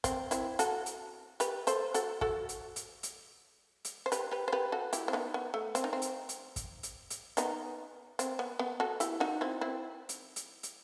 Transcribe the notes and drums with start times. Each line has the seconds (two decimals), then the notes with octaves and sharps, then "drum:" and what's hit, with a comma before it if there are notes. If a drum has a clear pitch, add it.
0.04 C4, drum: kick, hi-hat
0.31 C4 E4, drum: hi-hat
0.59 F#4 A4, drum: hi-hat
0.86 drum: hi-hat
1.40 G4 B4, drum: hi-hat
1.67 A4 C5, drum: hi-hat
1.94 F#4 A4, drum: hi-hat
2.21 F#4 A4, drum: kick
2.49 drum: hi-hat
2.76 drum: hi-hat
3.03 drum: hi-hat
3.85 drum: hi-hat
4.06 C5
4.12 G4 B4, drum: hi-hat
4.31 G4 B4
4.48 C5
4.52 G4 B4
4.72 F#4 A4
4.93 E4 G4, drum: hi-hat
5.08 C4
5.13 B3 D#4
5.34 B3
5.54 A3
5.75 C4, drum: hi-hat
5.84 D#4
5.93 C4
6.02 drum: hi-hat
6.29 drum: hi-hat
6.56 drum: kick, hi-hat
6.83 drum: hi-hat
7.10 drum: hi-hat
7.37 B3 D#4, drum: hi-hat
8.19 C4, drum: hi-hat
8.39 B3
8.59 B3
8.80 F#4 A4
9.00 E4 G4, drum: hi-hat
9.20 D#4 F#4
9.41 C4 E4
9.61 C4 E4
10.09 drum: hi-hat
10.36 drum: hi-hat
10.63 drum: hi-hat